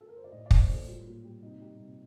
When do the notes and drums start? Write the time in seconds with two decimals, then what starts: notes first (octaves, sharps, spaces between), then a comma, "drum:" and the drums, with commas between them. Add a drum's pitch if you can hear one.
0.01 A4
0.08 A#4
0.16 C5
0.24 D5
0.32 A2 D#5
0.46 D5
0.51 A#3, drum: kick
0.60 C5
0.69 A2 A4
0.87 G3 F4
1.06 A#2
1.24 G3
1.42 C3 D#4
1.61 G3
1.79 C3